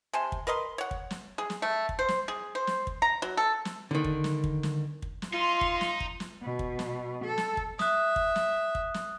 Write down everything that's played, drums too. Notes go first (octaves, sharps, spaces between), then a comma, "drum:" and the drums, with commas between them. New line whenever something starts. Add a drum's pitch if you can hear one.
C3 G#5 A5 C6
drum: kick
A#4 B4 D#5 C6
C#5 F#5
drum: kick
drum: snare
G#4
drum: snare
A3
drum: kick
C5
drum: snare
G#4
C5
drum: snare
drum: kick
A#5
F#3
A4
drum: snare
D3 D#3
drum: kick
drum: snare
drum: kick
drum: snare
drum: kick
drum: snare
D#4 F4 C6
drum: kick
drum: snare
drum: kick
drum: snare
B2
drum: kick
drum: snare
A4
drum: snare
drum: kick
E5 D#6 F#6, drum: snare
drum: kick
drum: snare
drum: kick
drum: snare